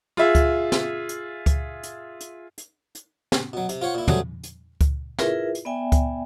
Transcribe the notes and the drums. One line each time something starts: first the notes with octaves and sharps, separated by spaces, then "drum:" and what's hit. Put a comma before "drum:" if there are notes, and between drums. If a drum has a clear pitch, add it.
F4 G#4 E5
drum: kick C#2, hi-hat
drum: snare
drum: hi-hat
drum: kick C#2, hi-hat
drum: hi-hat
drum: hi-hat
drum: hi-hat
drum: hi-hat
drum: snare
B2 F#3
C3, drum: hi-hat
F4 C5 C#5 F#5
A#2 E4
F#3 G3 A3 C#4 G#4 C5, drum: tom
drum: hi-hat
drum: kick C#2, hi-hat
E4 F4 G#4 A#4 B4 E5, drum: snare
drum: hi-hat
B3 D5 E5 G5 G#5
drum: kick C#2, hi-hat